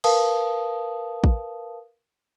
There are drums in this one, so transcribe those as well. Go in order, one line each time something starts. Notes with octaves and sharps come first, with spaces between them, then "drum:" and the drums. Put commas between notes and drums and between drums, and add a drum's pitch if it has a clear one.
A#4 B4 F5 A5 D#6, drum: cymbal
drum: kick